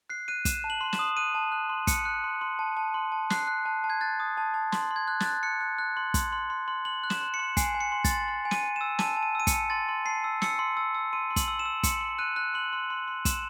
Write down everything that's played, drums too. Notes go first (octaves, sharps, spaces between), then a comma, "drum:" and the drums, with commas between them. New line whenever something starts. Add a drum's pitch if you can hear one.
F#6 C7
F#6 D#7
F#6 E7, drum: kick, hi-hat
A5
F#7
C6
E7, drum: snare
D#6
F#6 D#7
A5
F#6
C6
F#6 C#7, drum: kick, hi-hat
F#6
C6
C6
A5
A5
C6
A5
F#6 C7, drum: snare
F#6
A5
A5
G#6
F#6 A6
D#6
A5
A5
C6, drum: snare
C6
G#6
F#6
A6, drum: snare
F#6
F#6 C#7
F#6
F#6
C6
C6, drum: kick, hi-hat
C6
C6
C6
C6 F#7
F#6
E7, drum: snare
C6
C#7
C6
G#5 C7, drum: kick, hi-hat
G#5
C#7
C6
A6, drum: kick, hi-hat
C6
C6
G#5
D#7, drum: snare
G#5
E6 E7
A5 D#7, drum: snare
A5
D#7
E6 D#7
C#7, drum: kick, hi-hat
A5
C6 A6
C6
A5 C7
E6
E6 C#7, drum: snare
C6
E6
E6
C6 D#7
C6
F#7, drum: kick, hi-hat
E6
E7
E6
C6 C#7, drum: kick, hi-hat
C6
F#6 D#7
F#6
C6 F#7
C6
C6
C6
C6 E7, drum: kick, hi-hat